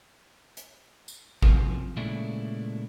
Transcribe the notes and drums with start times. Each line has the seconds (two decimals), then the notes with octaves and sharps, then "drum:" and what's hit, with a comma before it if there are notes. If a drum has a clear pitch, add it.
0.57 drum: hi-hat
1.08 drum: tambourine
1.43 F#2 C3 F3, drum: kick G#1
1.97 A#2 C#3 G#3 A3 D4 E4